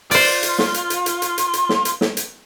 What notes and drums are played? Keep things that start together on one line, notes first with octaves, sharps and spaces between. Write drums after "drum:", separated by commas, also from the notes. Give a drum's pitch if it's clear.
F4 C5 D5, drum: open hi-hat
drum: hi-hat
drum: snare
drum: hi-hat
drum: hi-hat
drum: hi-hat
drum: hi-hat
drum: hi-hat
drum: hi-hat
drum: snare
drum: hi-hat
drum: snare
drum: hi-hat